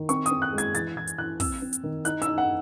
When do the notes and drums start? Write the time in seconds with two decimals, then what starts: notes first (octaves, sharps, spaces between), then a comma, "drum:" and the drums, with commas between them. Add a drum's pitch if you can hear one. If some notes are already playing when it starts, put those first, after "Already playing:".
Already playing: D#3
0.09 C4 C#6, drum: hi-hat
0.26 D#6, drum: hi-hat
0.31 C4
0.42 F#6
0.53 G#3
0.58 G#6, drum: hi-hat
0.75 E3 A6, drum: hi-hat
0.96 E3 G#6
1.07 drum: hi-hat
1.18 E3 F#6
1.40 C4 E6, drum: kick, open hi-hat
1.62 C4
1.73 drum: hi-hat
1.83 D#3
2.05 D#4 F#6, drum: hi-hat
2.22 E6, drum: hi-hat
2.27 D#4
2.38 F#5